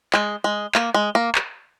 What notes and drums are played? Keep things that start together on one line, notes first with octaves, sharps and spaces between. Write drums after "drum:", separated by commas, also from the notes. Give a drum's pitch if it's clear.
G#3, drum: clap
G#3
A#3, drum: clap
G#3
A#3
drum: clap